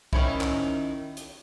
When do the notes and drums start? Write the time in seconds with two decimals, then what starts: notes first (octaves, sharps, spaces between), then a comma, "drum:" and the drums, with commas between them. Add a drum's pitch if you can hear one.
0.13 D#3 C#4 E4, drum: kick B1
0.41 drum: clap
1.17 drum: hi-hat